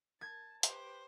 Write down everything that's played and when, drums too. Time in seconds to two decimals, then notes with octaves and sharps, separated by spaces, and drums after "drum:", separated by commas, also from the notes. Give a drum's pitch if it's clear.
0.21 A5 G#6
0.63 G4 B4 C5, drum: hi-hat